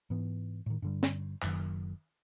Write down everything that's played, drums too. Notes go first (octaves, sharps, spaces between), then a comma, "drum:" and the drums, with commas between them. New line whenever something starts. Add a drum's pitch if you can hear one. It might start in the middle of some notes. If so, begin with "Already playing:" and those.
G#2 E3 B3
A2 D#3
G2 D3 G3
drum: snare
F#1 F#2 D#3, drum: clap